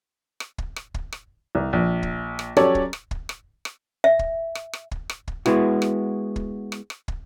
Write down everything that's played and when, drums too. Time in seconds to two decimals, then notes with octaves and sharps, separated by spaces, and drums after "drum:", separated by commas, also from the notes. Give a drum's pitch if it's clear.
0.40 drum: rim click
0.58 drum: kick
0.76 drum: rim click
0.94 drum: kick
1.12 drum: rim click
1.55 C2
1.73 A#1
2.03 drum: kick
2.39 drum: rim click
2.57 F#3 C#4 G4 A4 C#5 D5, drum: rim click
2.75 drum: kick
2.93 drum: rim click
3.11 drum: kick
3.29 drum: rim click
3.65 drum: rim click
4.04 E5
4.19 drum: kick
4.55 drum: rim click
4.73 drum: rim click
4.91 drum: kick
5.09 drum: rim click
5.28 drum: kick
5.46 G#3 B3 E4 F#4, drum: rim click
5.82 drum: rim click
6.36 drum: kick
6.72 drum: rim click
6.90 drum: rim click
7.08 drum: kick